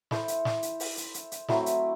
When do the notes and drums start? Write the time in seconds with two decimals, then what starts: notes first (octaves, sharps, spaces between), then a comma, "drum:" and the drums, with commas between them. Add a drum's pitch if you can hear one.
0.11 E4 A4 C5, drum: snare
0.28 drum: hi-hat
0.45 drum: snare
0.63 drum: hi-hat
0.80 drum: open hi-hat
0.97 drum: hi-hat
1.14 drum: hi-hat
1.32 drum: hi-hat
1.48 F#3 A3 C4 E4, drum: snare
1.66 drum: hi-hat